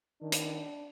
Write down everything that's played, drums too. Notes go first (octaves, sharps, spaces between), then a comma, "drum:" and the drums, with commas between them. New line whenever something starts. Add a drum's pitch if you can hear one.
D#3 D4
drum: hi-hat